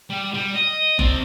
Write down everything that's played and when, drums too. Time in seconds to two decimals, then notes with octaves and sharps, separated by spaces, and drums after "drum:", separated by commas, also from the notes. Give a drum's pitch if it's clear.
0.10 G3
0.34 G3
0.55 D#5
0.99 C4 D5, drum: kick F#1